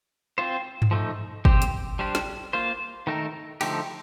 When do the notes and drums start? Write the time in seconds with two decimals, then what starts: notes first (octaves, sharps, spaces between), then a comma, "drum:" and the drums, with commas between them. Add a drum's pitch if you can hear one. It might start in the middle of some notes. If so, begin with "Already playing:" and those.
0.38 C4 F4 C5
0.82 drum: tom G2
0.91 F3 A3 D#4
1.45 C4 G4 C5, drum: kick
1.62 drum: hi-hat
1.99 G3 D4 G4 C5
2.15 drum: snare
2.53 A#3 F4 C5
3.07 D#3 A3 D#4 A#4
3.61 D3 F3 A3 D#4 G4, drum: cymbal